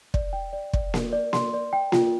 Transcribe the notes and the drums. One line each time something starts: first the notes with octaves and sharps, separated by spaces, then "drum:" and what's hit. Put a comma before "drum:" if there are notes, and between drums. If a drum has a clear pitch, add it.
D5, drum: kick
G5
D5
D5, drum: kick
A#4, drum: snare A#3
D5
C6, drum: snare A#3
D5
G5
F4, drum: snare A#3